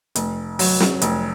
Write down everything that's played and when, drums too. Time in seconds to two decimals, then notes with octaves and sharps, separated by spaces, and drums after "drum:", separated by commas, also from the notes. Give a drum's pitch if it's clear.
0.15 F1, drum: hi-hat
0.59 F#3, drum: open hi-hat
0.80 drum: snare
1.02 F1, drum: hi-hat